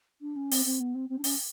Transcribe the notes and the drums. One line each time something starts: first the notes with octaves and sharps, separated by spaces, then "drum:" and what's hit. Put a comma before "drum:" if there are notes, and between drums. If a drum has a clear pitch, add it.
D4
C#4
C4, drum: open hi-hat
C4
B3
C4
C4
D4
C#4, drum: open hi-hat